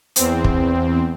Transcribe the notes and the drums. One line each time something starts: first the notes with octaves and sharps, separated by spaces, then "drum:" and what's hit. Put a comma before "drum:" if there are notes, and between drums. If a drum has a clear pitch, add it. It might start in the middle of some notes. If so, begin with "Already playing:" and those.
E2 C4, drum: hi-hat
drum: kick